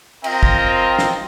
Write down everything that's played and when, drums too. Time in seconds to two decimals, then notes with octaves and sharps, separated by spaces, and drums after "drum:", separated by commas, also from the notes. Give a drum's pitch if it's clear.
0.24 C4 F4 A#4 D#5 G5, drum: cymbal
0.43 drum: kick
0.99 drum: snare